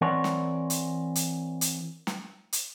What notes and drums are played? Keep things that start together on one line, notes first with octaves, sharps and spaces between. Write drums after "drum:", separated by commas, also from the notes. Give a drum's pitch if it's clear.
E3 C4 A#4 C#5 D5 F#5
drum: snare
drum: hi-hat
drum: hi-hat
drum: hi-hat
drum: snare
drum: hi-hat